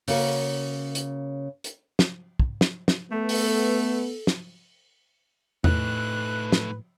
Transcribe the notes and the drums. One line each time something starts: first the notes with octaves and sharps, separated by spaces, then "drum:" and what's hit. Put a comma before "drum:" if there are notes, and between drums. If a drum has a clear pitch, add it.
C#3 A#3 F#4, drum: open hi-hat
drum: hi-hat
drum: hi-hat
drum: snare
drum: kick
drum: snare
drum: snare
A3 B3 A4
drum: open hi-hat
drum: snare
A2 A3 D#4 B4 F#6, drum: tom E2
drum: snare